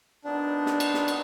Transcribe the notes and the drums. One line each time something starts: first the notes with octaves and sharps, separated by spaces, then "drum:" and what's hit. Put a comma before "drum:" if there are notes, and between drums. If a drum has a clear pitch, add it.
A#2 F#3 B3 D4 D#4
drum: snare
drum: cymbal
drum: snare
drum: cymbal